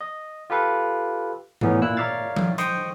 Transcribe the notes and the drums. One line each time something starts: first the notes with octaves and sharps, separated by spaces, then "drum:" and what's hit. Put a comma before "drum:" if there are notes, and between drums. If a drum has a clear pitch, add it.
D#5
F4 G4 A4 B4 F5
E2 A2 E3 B3 C#4 D#4, drum: tom G#2
A#2 A#3 E4 E6 F#6
A#4 C#5 D5 E5 F5 A6
drum: tom F3
C5 D#5 G5 C6 C#6 D#6, drum: hi-hat